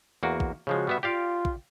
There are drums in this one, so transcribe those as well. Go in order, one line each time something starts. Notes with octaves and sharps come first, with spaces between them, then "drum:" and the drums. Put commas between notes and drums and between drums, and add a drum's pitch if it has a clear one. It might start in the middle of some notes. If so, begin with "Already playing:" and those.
E2 A#3 F#4
drum: kick
C#3 F3 G#3 F#4
G3 B3 E5
F4 G4 D5 F5
drum: kick